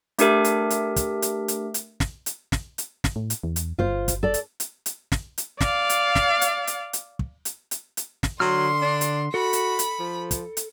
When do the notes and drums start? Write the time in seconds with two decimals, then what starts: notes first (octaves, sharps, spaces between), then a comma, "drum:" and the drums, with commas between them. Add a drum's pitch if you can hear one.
0.19 A3 D4 G4 A#4 E5, drum: hi-hat
0.44 drum: hi-hat
0.70 drum: hi-hat
0.96 drum: kick, hi-hat
1.22 drum: hi-hat
1.48 drum: hi-hat
1.74 drum: hi-hat
2.00 drum: snare
2.26 drum: hi-hat
2.52 drum: snare
2.78 drum: hi-hat
3.04 drum: snare
3.16 A2
3.30 drum: hi-hat
3.43 E2
3.56 drum: hi-hat
3.79 G1 F4 C5
4.08 drum: kick, hi-hat
4.23 A4 D5
4.34 drum: hi-hat
4.60 drum: hi-hat
4.86 drum: hi-hat
5.12 drum: snare
5.38 drum: hi-hat
5.61 D5 F5, drum: snare
5.89 drum: hi-hat
6.15 drum: snare
6.41 drum: hi-hat
6.67 drum: hi-hat
6.93 drum: hi-hat
7.19 drum: kick
7.45 drum: hi-hat
7.71 drum: hi-hat
7.97 drum: hi-hat
8.23 drum: snare
8.40 D3 F#3 C6 F6
8.82 D4
9.01 drum: hi-hat
9.34 F#4 A4 B5
9.53 drum: hi-hat
9.79 drum: hi-hat
9.99 F3
10.31 drum: kick, hi-hat
10.57 drum: hi-hat